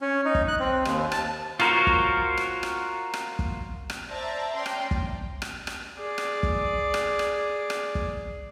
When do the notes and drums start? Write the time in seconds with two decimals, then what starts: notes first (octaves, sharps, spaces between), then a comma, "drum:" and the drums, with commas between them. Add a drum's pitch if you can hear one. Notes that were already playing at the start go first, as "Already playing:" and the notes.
0.01 C#4
0.25 D#4
0.35 drum: kick
0.48 F#6
0.60 C4
0.85 D#2, drum: rim click
1.12 A5, drum: rim click
1.60 F4 F#4 A#4 C5 C#5, drum: rim click
1.87 drum: kick
2.37 drum: rim click
2.63 drum: rim click
3.14 drum: rim click
3.39 drum: kick
3.90 drum: rim click
4.09 C5 D5 E5 A5 A#5
4.55 C#4 D5 G5 A#5 C6
4.66 drum: rim click
4.91 drum: kick
5.42 drum: rim click
5.67 drum: rim click
5.96 G#4 D5
6.18 drum: rim click
6.43 drum: kick
6.94 drum: rim click
7.19 drum: rim click
7.70 drum: rim click
7.95 drum: kick